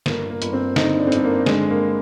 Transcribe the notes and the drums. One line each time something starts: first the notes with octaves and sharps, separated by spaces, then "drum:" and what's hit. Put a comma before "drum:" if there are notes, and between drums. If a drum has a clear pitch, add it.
G1 A#3, drum: snare
A#3
G1, drum: hi-hat
C4
D3 D#4, drum: snare
D4
C4
G1 D4, drum: hi-hat
A#3
D3 G#3, drum: snare
A#3